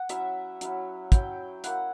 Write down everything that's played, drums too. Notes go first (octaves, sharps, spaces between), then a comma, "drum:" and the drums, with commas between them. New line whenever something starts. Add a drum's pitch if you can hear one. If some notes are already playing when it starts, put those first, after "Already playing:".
Already playing: F#5
F#3 C#4 E4 E5, drum: hi-hat
F#3 C#4 E4, drum: hi-hat
F#3 C#4 E4 G5, drum: kick, hi-hat
A#3 E4 F#5, drum: hi-hat